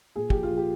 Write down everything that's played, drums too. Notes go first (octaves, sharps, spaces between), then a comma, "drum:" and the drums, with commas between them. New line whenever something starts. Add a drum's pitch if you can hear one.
A#2 G#4
F3 G4, drum: kick
F4
F3
G4